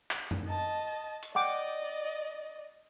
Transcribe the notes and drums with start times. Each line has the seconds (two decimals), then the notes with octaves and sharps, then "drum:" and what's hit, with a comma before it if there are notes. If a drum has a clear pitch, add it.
0.11 drum: clap
0.31 drum: tom F#2
0.47 D#5 A5
1.23 drum: hi-hat
1.35 D5 D#5 F#5 G5 D6